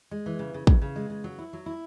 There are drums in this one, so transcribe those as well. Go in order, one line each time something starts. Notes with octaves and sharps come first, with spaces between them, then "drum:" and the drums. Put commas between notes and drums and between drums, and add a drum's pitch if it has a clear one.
G#3
E3
C#3
C#3
C#3, drum: kick
C#3
G#3
C#3
F#3
E4
F#3
E4